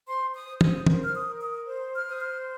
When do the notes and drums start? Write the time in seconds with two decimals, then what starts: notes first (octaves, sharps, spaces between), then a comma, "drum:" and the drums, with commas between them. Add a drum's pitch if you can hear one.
0.08 C5 C6
0.34 D#6
0.47 C5
0.61 D#6, drum: tom
0.86 A#4, drum: tom
1.04 F6
1.14 D#6
1.27 A#4
1.41 D#6
1.66 C5
1.94 F6
2.07 C5 D#6
2.21 F6